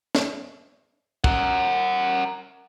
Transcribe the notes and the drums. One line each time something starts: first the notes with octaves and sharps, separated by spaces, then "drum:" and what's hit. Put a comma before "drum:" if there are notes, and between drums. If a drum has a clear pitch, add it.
drum: snare
A#4 F#5, drum: kick